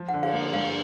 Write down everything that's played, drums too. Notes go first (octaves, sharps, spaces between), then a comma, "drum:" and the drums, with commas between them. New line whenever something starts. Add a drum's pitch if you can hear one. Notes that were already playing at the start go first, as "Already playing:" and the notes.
Already playing: F3
D3 F#5
F5, drum: cymbal
A#3
G2 F5